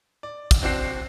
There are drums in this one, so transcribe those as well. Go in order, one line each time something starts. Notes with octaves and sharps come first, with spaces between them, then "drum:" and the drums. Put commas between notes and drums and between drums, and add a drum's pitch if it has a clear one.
D5
drum: kick, hi-hat
D1 C4 D4 F#4 C7